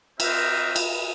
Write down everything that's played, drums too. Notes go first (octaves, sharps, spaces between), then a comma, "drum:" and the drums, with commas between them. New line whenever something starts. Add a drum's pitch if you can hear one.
C4 F#4 A#4 C5 D#5 E5, drum: cymbal
drum: cymbal